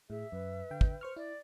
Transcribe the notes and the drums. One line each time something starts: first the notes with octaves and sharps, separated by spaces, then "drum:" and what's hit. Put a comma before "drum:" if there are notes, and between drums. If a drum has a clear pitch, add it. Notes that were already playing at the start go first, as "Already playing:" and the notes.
A2 G#4 E5
F#2 B4
D3 G5
drum: kick
C5 C#6 F6
E4 D5